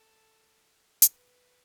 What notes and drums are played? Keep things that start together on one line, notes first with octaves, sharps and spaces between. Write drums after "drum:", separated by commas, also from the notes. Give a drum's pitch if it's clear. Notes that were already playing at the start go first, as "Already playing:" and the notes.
Already playing: A4
drum: hi-hat
B4